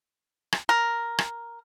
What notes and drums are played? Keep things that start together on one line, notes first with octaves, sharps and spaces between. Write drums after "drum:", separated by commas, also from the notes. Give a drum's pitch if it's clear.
drum: rim click
A#4
drum: rim click